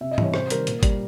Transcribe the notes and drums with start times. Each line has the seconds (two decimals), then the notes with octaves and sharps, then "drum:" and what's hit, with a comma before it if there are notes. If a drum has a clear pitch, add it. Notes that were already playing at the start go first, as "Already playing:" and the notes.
0.01 C3 E5
0.11 D#5
0.18 E3 G3 C#5, drum: tom G#2
0.34 C3 C5, drum: rim click
0.50 D#3 G3 A#4, drum: hi-hat
0.67 A#2, drum: hi-hat
0.83 G3, drum: kick G#1, hi-hat